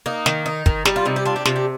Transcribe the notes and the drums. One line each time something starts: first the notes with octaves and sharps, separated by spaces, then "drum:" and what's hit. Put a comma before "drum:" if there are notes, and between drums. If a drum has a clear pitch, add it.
A#3 D#4
D#3, drum: snare
D#4
D#3, drum: kick
G3 D#4, drum: snare
F4
C3 D#4
G4
D4 F4
G4
C3 F4, drum: snare
G4